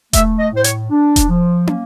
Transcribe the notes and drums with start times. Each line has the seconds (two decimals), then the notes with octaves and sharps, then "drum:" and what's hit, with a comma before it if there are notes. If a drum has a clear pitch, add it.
0.13 A3 E5, drum: kick E1, hi-hat
0.39 D#5
0.52 A2
0.57 C5
0.64 C#5, drum: hi-hat
0.90 D4
1.16 drum: kick E1, hi-hat
1.29 F3
1.67 A#3, drum: tom